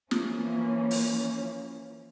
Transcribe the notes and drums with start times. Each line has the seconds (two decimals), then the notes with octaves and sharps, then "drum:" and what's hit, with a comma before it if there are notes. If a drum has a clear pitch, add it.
0.11 E3 F3 A#3 C#4, drum: snare
0.91 drum: open hi-hat